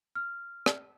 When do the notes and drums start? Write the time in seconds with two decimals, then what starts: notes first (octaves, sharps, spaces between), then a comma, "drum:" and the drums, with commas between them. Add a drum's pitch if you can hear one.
0.15 F6
0.66 drum: rim click